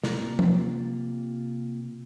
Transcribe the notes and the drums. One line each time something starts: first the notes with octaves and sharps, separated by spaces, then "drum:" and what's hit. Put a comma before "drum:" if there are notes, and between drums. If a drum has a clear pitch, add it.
C3 A#3 F4 D5 A#5, drum: snare
drum: tom